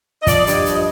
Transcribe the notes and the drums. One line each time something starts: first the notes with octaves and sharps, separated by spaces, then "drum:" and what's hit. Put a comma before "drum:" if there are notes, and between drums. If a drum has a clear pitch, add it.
D#5
F3 D5, drum: kick, hi-hat
G2, drum: hi-hat
D#5
F3, drum: hi-hat
D#5